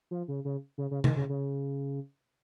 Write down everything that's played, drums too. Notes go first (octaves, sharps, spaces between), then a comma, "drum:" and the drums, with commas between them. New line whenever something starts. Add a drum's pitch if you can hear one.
F3
C#3
C#3
C#3
C#3
D#3, drum: tom C3
C#3
C#3